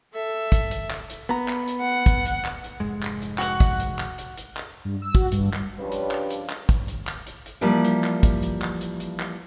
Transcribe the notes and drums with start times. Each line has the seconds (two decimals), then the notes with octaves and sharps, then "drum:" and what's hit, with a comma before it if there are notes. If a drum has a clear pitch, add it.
0.13 A4 E5
0.52 drum: kick, hi-hat
0.71 drum: hi-hat
0.91 drum: clap
1.10 drum: hi-hat
1.29 B3 A#5
1.48 drum: clap
1.68 drum: hi-hat
1.81 F#5
2.06 drum: kick, hi-hat
2.25 drum: hi-hat
2.45 drum: clap
2.64 drum: hi-hat
2.80 F1 G#2 G#3
3.03 drum: clap
3.22 drum: hi-hat
3.38 F#4 F#5, drum: clap
3.60 drum: kick, hi-hat
3.80 drum: hi-hat
3.99 drum: clap
4.18 drum: hi-hat
4.38 drum: hi-hat
4.57 drum: clap
4.85 G2
5.02 E6
5.15 F#4, drum: kick, hi-hat
5.32 G2, drum: hi-hat
5.53 drum: clap
5.79 C#3 F3 G3 D4 B4
5.92 drum: hi-hat
6.11 drum: clap
6.30 drum: hi-hat
6.50 drum: clap
6.69 drum: kick, hi-hat
6.88 drum: hi-hat
7.07 drum: clap
7.27 drum: hi-hat
7.46 drum: hi-hat
7.61 E3 F3 G3 A#3
7.85 drum: hi-hat
8.04 drum: clap
8.23 drum: kick, hi-hat
8.42 drum: hi-hat
8.62 drum: clap
8.81 drum: hi-hat
9.00 drum: hi-hat
9.19 drum: clap